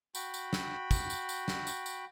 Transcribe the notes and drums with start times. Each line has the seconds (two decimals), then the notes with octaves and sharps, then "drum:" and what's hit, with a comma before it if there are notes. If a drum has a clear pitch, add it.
0.15 F#4 G5 B5, drum: tambourine
0.34 drum: tambourine
0.53 drum: snare
0.91 drum: kick, tambourine
1.10 drum: tambourine
1.29 drum: tambourine
1.48 drum: snare
1.67 drum: tambourine
1.86 drum: tambourine